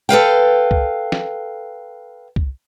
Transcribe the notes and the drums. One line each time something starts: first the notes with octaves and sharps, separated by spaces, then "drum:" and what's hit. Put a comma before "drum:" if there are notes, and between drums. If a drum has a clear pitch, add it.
A4 B4 F5 G5
drum: kick C2
drum: snare
drum: kick C2